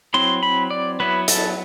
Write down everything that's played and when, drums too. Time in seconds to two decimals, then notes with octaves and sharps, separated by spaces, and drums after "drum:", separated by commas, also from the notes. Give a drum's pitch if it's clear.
0.14 F#3 C4 E4 C6
0.43 B5
0.70 D5
1.00 F#3 B3 E4 B4
1.28 A4, drum: hi-hat